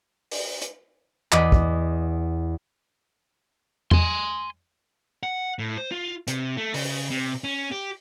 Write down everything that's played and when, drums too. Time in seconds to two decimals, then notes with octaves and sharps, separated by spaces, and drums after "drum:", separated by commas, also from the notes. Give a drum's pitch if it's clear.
0.31 drum: open hi-hat
0.62 drum: hi-hat
1.32 E2 D5 D#5 B6, drum: clap
1.52 drum: kick
3.91 G#5 C6, drum: tom E2
5.23 F#5
5.59 A2
5.78 C5
5.92 F4
6.28 C3, drum: hi-hat
6.57 A3
6.74 C#3, drum: open hi-hat
7.11 C3
7.44 C#4
7.72 G4